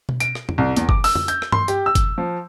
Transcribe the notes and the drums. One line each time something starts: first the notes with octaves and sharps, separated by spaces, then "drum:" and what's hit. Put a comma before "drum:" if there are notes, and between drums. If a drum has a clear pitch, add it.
drum: tom B2
D7, drum: hi-hat
drum: rim click
drum: tom F2
C2
E2, drum: hi-hat
D6, drum: kick F#1
E6, drum: open hi-hat
drum: tom F2
G6, drum: hi-hat
drum: rim click
C6, drum: tom G2
G4, drum: hi-hat
E6
drum: kick F#1, hi-hat
F3